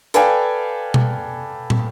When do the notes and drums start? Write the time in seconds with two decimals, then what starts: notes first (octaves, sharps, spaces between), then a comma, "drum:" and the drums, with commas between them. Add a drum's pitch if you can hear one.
0.14 A4 B4 D5 F5 G5 G#5, drum: hi-hat
0.94 drum: tom B2
1.70 drum: tom